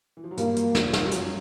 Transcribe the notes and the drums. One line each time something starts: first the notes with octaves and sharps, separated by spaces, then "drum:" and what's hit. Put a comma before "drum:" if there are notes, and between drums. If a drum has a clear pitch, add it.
E3
F3
F#3
G2 G3 A#3, drum: hi-hat
drum: hi-hat
F2 F3, drum: snare
drum: snare
G3
F#2 F#3, drum: hi-hat